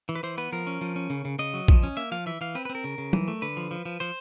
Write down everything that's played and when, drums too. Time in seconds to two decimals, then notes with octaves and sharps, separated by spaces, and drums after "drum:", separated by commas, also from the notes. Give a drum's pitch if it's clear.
0.09 E3
0.15 B4
0.23 E3 C5
0.38 B3 B4
0.52 F3 A#4
0.67 C#4
0.81 F3
0.96 C#4
1.10 C#3
1.25 C#3
1.39 C#3 D#5
1.54 F#3
1.68 F3, drum: kick
1.83 C#4
1.97 A#3 E5
2.12 F3 F5
2.26 E3 E5
2.41 E3 F5
2.55 C4 B4
2.65 B4
2.70 C4
2.75 A#4
2.84 C#3
2.98 C#3
3.13 E3, drum: tom F#3
3.28 A3
3.42 D3 B4
3.57 F3
3.71 F3
3.85 F3
4.00 F3 C5